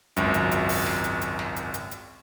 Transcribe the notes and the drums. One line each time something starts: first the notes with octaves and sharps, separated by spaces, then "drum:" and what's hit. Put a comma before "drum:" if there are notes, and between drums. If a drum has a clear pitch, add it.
G#1 C#2 F#2, drum: hi-hat
drum: hi-hat
drum: hi-hat
drum: open hi-hat
drum: snare
drum: hi-hat
drum: hi-hat
drum: snare
drum: hi-hat
drum: hi-hat
drum: hi-hat